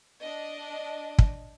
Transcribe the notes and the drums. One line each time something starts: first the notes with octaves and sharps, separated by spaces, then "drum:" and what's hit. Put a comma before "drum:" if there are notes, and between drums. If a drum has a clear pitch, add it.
D4 D#5
drum: kick